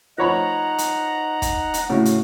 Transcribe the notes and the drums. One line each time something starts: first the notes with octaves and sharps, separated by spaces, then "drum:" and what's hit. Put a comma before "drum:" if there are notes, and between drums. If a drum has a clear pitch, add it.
F3 D#4 C#5 F#5 A#5 B5
drum: hi-hat
drum: kick, hi-hat
drum: hi-hat
A2 C#3 F#4
drum: hi-hat